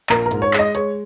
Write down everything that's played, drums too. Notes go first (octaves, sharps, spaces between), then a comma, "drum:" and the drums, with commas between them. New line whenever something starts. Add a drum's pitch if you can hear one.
A#1 A#4, drum: clap
A#4
G#2, drum: hi-hat
C#5
G#3, drum: clap
D#5
G#3 C#5, drum: hi-hat